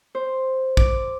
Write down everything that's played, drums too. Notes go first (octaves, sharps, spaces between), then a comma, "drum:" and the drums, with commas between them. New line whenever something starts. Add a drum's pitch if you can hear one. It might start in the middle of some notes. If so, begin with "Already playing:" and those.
C5
D6, drum: kick